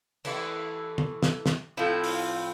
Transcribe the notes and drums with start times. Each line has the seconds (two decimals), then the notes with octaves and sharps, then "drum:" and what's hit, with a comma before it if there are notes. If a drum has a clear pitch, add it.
0.25 E3 A3 E4, drum: cymbal
0.98 drum: tom
1.23 drum: snare
1.46 drum: snare
1.77 A2 F3 C4 E4
2.04 drum: open hi-hat